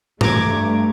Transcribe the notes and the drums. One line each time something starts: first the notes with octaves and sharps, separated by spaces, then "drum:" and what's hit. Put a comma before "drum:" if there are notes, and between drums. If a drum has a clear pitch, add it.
G2 A3 A#5 D6 G#6, drum: tom G2